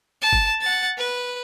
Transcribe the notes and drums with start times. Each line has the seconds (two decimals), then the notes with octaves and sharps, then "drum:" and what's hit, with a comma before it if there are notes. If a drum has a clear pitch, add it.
0.22 A5
0.33 drum: kick
0.61 F#5 A6
0.98 B4